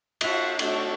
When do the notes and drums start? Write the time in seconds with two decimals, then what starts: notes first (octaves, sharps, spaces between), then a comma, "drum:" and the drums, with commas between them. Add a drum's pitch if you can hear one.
0.21 F4 F#4 E5 F#5 A5, drum: cymbal
0.59 A3 D4 F#4 A4, drum: cymbal